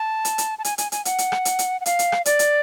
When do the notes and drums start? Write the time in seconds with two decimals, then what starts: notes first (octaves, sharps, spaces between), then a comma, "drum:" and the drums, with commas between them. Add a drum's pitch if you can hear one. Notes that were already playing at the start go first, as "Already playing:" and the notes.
Already playing: A5
0.25 drum: hi-hat
0.38 drum: hi-hat
0.59 A5
0.64 G#5, drum: hi-hat
0.78 G#5, drum: hi-hat
0.92 G#5, drum: hi-hat
1.05 F#5, drum: hi-hat
1.18 drum: hi-hat
1.32 drum: rim click
1.45 drum: hi-hat
1.59 drum: hi-hat
1.81 F#5
1.86 F5, drum: hi-hat
1.99 drum: hi-hat
2.12 drum: rim click
2.25 D5, drum: hi-hat
2.39 drum: hi-hat